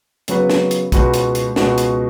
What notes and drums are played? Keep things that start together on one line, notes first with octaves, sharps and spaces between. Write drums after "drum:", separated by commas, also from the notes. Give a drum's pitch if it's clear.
C#3 F#3 B3 F#4 B4, drum: hi-hat
drum: snare
drum: hi-hat
C#2 B2 B3 F#4, drum: kick, hi-hat
drum: hi-hat
drum: hi-hat
C#2 B2 B3 F#4, drum: snare
drum: hi-hat